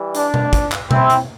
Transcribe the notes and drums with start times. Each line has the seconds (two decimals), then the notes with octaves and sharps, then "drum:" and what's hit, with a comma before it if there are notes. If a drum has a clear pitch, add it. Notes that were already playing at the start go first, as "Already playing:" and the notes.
Already playing: E3 G3
0.15 D4, drum: hi-hat
0.34 drum: tom B2
0.53 drum: kick, hi-hat
0.72 drum: clap
0.91 C4 E4, drum: tom B2
1.10 drum: hi-hat